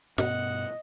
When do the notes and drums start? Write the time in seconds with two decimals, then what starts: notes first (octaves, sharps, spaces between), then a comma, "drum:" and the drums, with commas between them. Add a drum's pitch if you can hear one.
0.18 G2 B2 B3 D#5 F#5, drum: snare